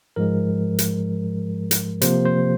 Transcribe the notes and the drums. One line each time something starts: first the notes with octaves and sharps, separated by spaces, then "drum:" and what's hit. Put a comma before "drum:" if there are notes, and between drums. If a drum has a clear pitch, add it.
G#2 F3 G#3 A#4
drum: hi-hat
drum: hi-hat
C3 F3 A#3 C5, drum: hi-hat
C5